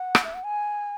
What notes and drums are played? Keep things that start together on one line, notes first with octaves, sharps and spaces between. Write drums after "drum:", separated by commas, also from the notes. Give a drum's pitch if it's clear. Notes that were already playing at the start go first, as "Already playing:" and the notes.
Already playing: F#5
drum: rim click
E5
F#5
G#5